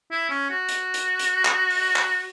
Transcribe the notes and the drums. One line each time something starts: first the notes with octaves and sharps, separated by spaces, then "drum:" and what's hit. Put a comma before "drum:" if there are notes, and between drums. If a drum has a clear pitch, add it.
E4
C#4
F#4
drum: hi-hat
drum: hi-hat
drum: hi-hat
drum: clap
drum: open hi-hat
drum: clap